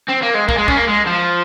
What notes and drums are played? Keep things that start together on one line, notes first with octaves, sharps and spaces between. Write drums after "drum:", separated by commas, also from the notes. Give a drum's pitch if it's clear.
C4
A#3
G#3
A#3, drum: kick
G#3
C#4, drum: kick
A#3
G#3
F3